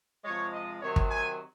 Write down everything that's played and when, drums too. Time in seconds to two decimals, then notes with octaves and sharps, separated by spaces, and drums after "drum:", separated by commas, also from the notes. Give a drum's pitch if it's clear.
0.24 C3 F3 G#3 C#5
0.53 D#5
0.82 C3 D#3 F#3 C#5
0.96 drum: kick
1.11 G#5